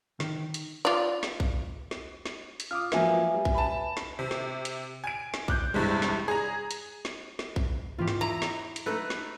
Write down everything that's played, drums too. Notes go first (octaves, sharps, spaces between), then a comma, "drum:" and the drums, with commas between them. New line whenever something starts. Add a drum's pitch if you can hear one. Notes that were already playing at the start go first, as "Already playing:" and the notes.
D#3, drum: snare
drum: hi-hat
F4 D5
drum: snare
drum: kick A#1
drum: snare
drum: snare
drum: hi-hat
F4 D6 D#6 F6
F3 F#3 A#3 B4 E5 G#5, drum: snare
G3
drum: kick A#1
A5 B5
drum: snare
C3
drum: snare
drum: hi-hat
G#5 D7
drum: snare
D6 F#6 G6, drum: kick A#1
E2 G2 C3 G#3
drum: snare
G#4 A#5
drum: hi-hat
drum: snare
drum: snare
drum: kick A#1
E2 G#2 E3 F4 G4
drum: snare
E4 D#5 A#5
drum: snare
drum: hi-hat
A3 D#4 A4 B4
drum: snare